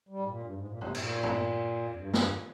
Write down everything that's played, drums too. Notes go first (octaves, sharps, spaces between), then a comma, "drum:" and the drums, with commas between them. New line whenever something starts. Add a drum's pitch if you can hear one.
G3
G#2
A#2
G2
G#2
A#2
C3, drum: tom G2
A#2, drum: cymbal
drum: tom G2
F2
G2
G2, drum: snare
F2